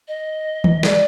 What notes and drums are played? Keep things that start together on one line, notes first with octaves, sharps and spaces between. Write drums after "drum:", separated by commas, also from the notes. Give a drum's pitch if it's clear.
D#5
drum: tom D#3
D5, drum: snare